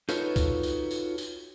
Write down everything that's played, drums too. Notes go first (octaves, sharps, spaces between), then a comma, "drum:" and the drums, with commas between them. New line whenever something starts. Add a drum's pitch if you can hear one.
D#4 F4 F#4 A4 B4 C#5, drum: tambourine
drum: kick B1, tambourine
drum: tambourine
drum: tambourine
drum: tambourine